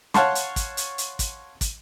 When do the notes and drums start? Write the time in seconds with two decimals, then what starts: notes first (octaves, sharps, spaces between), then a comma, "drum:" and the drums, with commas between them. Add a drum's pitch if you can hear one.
0.14 C#5 F5 F#5 A5 C6 C#6, drum: snare
0.35 drum: hi-hat
0.56 drum: kick, hi-hat
0.77 drum: hi-hat
0.98 drum: hi-hat
1.19 drum: kick, hi-hat
1.61 drum: kick, hi-hat